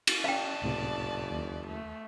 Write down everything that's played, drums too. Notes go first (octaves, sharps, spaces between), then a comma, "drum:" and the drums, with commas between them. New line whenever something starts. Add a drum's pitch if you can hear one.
drum: cymbal
C#4 D5 F5 G5 A5
F#1 C#2 A2 C3
D#2
A3